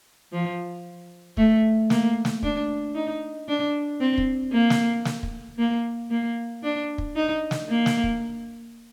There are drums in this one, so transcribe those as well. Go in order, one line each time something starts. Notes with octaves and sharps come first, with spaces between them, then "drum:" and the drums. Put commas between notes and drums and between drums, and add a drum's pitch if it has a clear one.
F3
A3, drum: kick
A#3, drum: snare
drum: snare
D4, drum: kick
D#4
D4
C4
drum: kick
A#3
drum: snare
drum: snare
drum: kick
A#3
A#3
D4
drum: kick
D#4
drum: snare
A#3
drum: snare
drum: kick